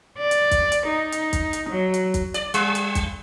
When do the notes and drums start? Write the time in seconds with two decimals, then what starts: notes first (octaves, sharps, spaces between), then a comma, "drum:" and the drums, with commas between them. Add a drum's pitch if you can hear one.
0.18 D5
0.31 drum: hi-hat
0.51 drum: kick, hi-hat
0.72 drum: hi-hat
0.87 D#4
1.12 drum: hi-hat
1.33 drum: kick, hi-hat
1.53 drum: hi-hat
1.69 F#3
1.94 drum: hi-hat
2.14 drum: kick, hi-hat
2.34 D5, drum: hi-hat
2.54 G3, drum: hi-hat
2.75 drum: hi-hat
2.95 drum: kick, hi-hat